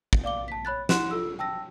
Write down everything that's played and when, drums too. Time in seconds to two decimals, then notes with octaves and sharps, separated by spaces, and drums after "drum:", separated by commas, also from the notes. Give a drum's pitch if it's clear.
0.13 drum: kick
0.24 D5 F5 D6 G7
0.48 A5 B6
0.65 C#5 B5 F#6 A6
0.89 E4 F#5 C6 F#6 E7, drum: snare
1.11 F4 A4 E6
1.39 G5 A5 E6 A#6